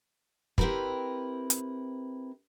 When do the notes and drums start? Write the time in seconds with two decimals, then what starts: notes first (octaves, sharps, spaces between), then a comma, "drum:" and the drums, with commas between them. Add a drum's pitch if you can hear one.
0.58 C4 E4 G4 A#4 B4, drum: kick
1.50 drum: hi-hat